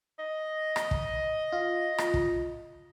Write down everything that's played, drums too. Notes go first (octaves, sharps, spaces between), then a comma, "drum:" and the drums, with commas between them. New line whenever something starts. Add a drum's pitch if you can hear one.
D#5
drum: rim click
drum: kick
F4
drum: rim click
drum: kick